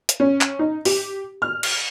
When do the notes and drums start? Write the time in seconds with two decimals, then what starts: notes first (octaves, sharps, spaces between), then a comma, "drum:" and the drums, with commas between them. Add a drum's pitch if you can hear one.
0.09 drum: hi-hat
0.20 C#4
0.41 drum: clap
0.59 D#4
0.85 G4, drum: open hi-hat
1.42 F6
1.63 drum: cymbal